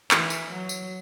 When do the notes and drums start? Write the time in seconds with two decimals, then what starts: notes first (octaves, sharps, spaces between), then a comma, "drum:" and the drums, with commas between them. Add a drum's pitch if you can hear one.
0.11 E3, drum: clap
0.30 drum: tambourine
0.50 F#3
0.69 drum: tambourine